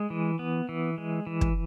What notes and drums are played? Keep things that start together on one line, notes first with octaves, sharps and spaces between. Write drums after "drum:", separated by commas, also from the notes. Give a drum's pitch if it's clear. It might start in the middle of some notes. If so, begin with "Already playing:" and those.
Already playing: G#3
E3
B3
E3
G#3
E3
drum: kick